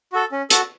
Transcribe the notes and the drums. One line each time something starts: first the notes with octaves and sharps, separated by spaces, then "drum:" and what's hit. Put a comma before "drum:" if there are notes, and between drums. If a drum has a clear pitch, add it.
F#4 A4
C#4
F#4 A4, drum: hi-hat